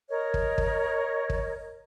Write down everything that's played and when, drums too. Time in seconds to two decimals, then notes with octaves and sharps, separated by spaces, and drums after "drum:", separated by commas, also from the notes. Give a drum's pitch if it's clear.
0.10 A#4 C#5 D#5
0.34 drum: kick
0.58 drum: kick
1.30 drum: kick